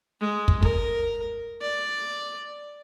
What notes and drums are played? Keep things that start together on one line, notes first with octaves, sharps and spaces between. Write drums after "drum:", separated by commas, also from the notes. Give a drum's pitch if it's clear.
G#3
drum: kick
A#4, drum: kick
D5